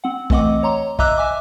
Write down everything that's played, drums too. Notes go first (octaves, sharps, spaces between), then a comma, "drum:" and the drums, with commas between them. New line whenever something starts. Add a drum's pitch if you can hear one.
C4 F#5
E3 A3 C4 D#5 F#5 D6, drum: kick
C#5 A#5 C6
D#5 E5 A#5 D6 E6 F#6, drum: kick
E5 G#5 D6